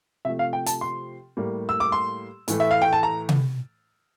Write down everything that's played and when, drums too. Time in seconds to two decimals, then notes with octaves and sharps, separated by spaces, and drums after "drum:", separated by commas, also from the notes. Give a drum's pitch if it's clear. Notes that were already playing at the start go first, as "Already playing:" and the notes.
0.25 C3 F3 A3 E5
0.39 F5
0.53 G5
0.66 A5, drum: hi-hat
0.81 C6
1.37 A2 G3 A#3
1.69 E6
1.80 D6
1.92 C6
2.48 A2 E3 A3, drum: hi-hat
2.60 E5
2.71 F5
2.82 G5
2.93 A5
3.03 A#5
3.29 drum: tom C3